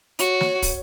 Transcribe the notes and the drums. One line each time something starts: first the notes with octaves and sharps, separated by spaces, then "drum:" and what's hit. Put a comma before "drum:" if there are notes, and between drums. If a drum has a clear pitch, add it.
F#4 C#5, drum: hi-hat
drum: snare
drum: kick, open hi-hat